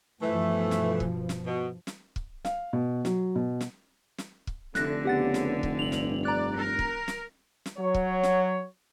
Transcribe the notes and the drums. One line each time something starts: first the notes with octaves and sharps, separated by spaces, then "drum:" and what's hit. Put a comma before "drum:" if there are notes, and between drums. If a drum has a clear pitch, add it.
G2 B2 E3 F3 A3
drum: snare
drum: kick
drum: snare
B2
drum: snare
drum: kick
F5, drum: snare
B2
F#3, drum: snare
B2
drum: snare
drum: snare
drum: kick
F1 D3 A3 D4 F#6 A#6, drum: snare
C#3 B3 G4 F#5 A6
drum: snare
drum: kick
G2 F7 F#7
drum: snare
D5 A#5 F#6
A#4
drum: kick
drum: snare
drum: snare
F#3 C#5
drum: kick
drum: snare